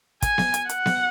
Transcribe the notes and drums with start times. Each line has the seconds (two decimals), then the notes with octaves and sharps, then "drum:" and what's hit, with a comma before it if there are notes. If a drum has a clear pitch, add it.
0.22 G#5, drum: kick, hi-hat
0.38 drum: snare B3
0.54 drum: hi-hat
0.69 F#5, drum: hi-hat
0.86 drum: snare B3